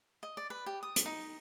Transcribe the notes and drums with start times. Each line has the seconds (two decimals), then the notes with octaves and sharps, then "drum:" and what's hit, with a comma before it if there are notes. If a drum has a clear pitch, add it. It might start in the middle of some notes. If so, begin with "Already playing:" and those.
0.23 D#5
0.37 D5
0.50 B4
0.66 G4
0.83 D#6
0.96 drum: hi-hat
1.06 D#4